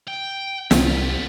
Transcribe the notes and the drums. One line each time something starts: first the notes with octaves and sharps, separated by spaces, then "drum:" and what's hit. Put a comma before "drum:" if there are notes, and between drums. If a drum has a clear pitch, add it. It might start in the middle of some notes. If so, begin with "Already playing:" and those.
G5
C2 B3 F4, drum: snare